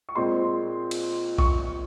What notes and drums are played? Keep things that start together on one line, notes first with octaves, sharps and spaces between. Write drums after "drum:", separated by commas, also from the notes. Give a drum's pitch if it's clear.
C#6
A#2 G#3 C4 C6
drum: cymbal
C#6, drum: kick A1